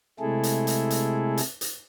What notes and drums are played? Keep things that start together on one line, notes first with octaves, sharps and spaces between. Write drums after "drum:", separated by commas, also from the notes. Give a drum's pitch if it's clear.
C3 G#3 A3 E4 G#4 A4
drum: hi-hat
drum: hi-hat
drum: hi-hat
drum: hi-hat
drum: hi-hat